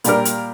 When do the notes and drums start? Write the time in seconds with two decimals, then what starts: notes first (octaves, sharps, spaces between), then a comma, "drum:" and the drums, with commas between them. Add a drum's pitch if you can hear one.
0.04 A#2 G3 D4 G4 A#4, drum: hi-hat
0.25 drum: hi-hat